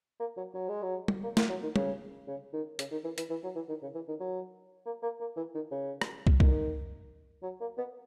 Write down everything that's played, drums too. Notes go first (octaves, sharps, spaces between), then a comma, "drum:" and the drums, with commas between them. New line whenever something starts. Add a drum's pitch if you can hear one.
A#3
F#3
F#3
G#3
F#3
drum: tom
A#3
A#3, drum: snare
F#3
D#3
C#3, drum: tom
C#3
D#3
C#3, drum: hi-hat
D#3
E3
E3, drum: hi-hat
E3
F#3
E3
D#3
C#3
E3
D#3
F#3
A#3
A#3
A#3
E3
D#3
C#3
drum: rim click
drum: kick
D#3, drum: kick
F#3
A#3
B3